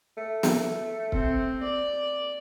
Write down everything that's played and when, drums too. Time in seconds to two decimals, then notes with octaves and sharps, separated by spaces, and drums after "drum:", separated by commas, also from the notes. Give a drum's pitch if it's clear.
0.17 A3
0.43 drum: snare
1.12 C4, drum: kick C#1
1.64 D5